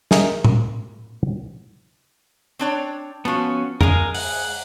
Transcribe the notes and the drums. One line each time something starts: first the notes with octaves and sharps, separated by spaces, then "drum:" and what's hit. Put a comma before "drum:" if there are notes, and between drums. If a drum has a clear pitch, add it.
G#4 A#4 D#5 E5 G5 G#5, drum: snare
drum: tom A2
C4 D4 C#5
F3 B3 C#4 F#4
G#3 G#4 A#4 F5 G#5, drum: tom F2
F#5, drum: open hi-hat